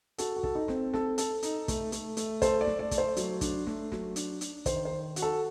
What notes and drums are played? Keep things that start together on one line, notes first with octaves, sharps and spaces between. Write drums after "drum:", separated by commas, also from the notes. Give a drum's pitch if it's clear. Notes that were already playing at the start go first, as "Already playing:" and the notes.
F#4 A4, drum: hi-hat
F#4
A4, drum: kick
D#4
C4, drum: snare
A4, drum: snare
A4, drum: hi-hat
D#4, drum: hi-hat
A3, drum: kick, hi-hat
A3, drum: hi-hat
A3, drum: hi-hat
A4 C5, drum: kick, hi-hat
D5
A3, drum: snare
D5
A3, drum: kick, hi-hat
C5
F#3, drum: hi-hat
D4, drum: kick, hi-hat
A3, drum: snare
F#3, drum: snare
D4, drum: hi-hat
D4, drum: hi-hat
D#3 C5, drum: kick, hi-hat
C5
D#3
F#4, drum: hi-hat
A4